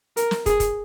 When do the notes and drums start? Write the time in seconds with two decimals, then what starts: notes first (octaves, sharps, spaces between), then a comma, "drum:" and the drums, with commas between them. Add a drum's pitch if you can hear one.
0.17 A#4, drum: hi-hat
0.31 drum: snare
0.46 G#4, drum: kick, hi-hat
0.60 drum: kick, hi-hat